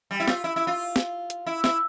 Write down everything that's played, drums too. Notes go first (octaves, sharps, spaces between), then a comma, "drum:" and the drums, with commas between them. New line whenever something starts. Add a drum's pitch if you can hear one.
G3
E4
F4, drum: snare
E4
E4
F4
drum: snare
drum: hi-hat
E4
E4, drum: snare